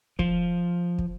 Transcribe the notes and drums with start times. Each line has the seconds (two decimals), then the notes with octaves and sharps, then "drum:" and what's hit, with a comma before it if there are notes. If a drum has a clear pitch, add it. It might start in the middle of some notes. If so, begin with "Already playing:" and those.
0.19 F3, drum: kick
0.98 drum: kick